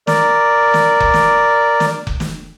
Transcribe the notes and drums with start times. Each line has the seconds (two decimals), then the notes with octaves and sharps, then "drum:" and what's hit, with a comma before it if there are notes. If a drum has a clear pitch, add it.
0.07 A#4 D5, drum: snare
0.74 drum: snare
1.00 drum: kick F1
1.14 drum: snare
1.80 drum: snare
2.07 drum: kick F1
2.20 drum: snare